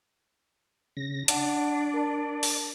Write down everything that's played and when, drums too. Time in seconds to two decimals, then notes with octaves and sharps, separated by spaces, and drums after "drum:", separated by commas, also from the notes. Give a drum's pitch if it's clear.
0.97 C#3 A#6
1.28 D4 D5 F#5 A5, drum: hi-hat
1.94 A#4 A5
2.43 drum: open hi-hat